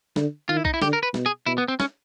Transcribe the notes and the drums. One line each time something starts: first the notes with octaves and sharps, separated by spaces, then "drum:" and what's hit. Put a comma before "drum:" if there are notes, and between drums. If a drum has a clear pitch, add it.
D3, drum: snare
D#3 F4
E4
D#4, drum: kick B1
E4
D3 G4, drum: snare
A#4
B4
B2, drum: snare
G#4
B2 E4
B3
C4
C#4, drum: snare